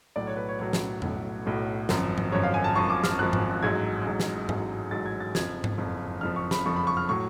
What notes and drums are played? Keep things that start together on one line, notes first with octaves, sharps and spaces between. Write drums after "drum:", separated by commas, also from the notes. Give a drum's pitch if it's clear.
B1 A2 F#3 D5
C#5
B4
C#5
B1 A2 F#3 C#5
drum: snare
B1 A2 F#3, drum: tom F2
B1 A2 F#3
G#1 F#2 F3, drum: snare
drum: tom G#2
G#1 F#2 F3 C#5
F5
G#5
A5
G#1 F#2 F3 C#6
D6
F6, drum: snare
G#1 F#2 F3 F#6
drum: tom G#2
A1 G#2 F#3 G#6
A1 G#2 F#3
drum: snare
A1 G#2 F#3, drum: tom G#2
A1 G#2 F#3 A6
G#6
A6
F#1 F2 F3 G#6, drum: snare
drum: tom G#2
F#1 F2 F3
F#1 F2 F3 F6
C#6
B5, drum: snare
F#1 F2 F3 C#6
B5
C#6
F6
A2 F#3 C#6